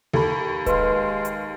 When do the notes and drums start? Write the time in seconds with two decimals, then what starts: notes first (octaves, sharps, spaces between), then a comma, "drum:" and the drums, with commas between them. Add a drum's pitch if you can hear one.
0.13 D#2 A4 B5
0.66 G#3 B4 F5 C6, drum: kick D1, hi-hat
1.25 drum: hi-hat